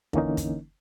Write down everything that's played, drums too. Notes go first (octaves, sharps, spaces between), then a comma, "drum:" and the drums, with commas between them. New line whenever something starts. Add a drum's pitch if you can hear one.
D3 E3 A#3 C#4 D#4, drum: kick
drum: kick, hi-hat